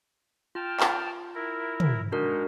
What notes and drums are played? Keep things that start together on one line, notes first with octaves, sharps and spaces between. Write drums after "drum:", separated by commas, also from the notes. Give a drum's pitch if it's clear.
F4 G5 A5 F6
drum: clap
E4 A#4
drum: tom
G#3 D4 D#4 F#4 A#4